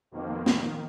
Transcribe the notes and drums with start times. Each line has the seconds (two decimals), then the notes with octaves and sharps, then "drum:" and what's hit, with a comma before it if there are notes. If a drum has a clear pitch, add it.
0.11 F2 B2 D#3 F3 A#3
0.46 D#3, drum: snare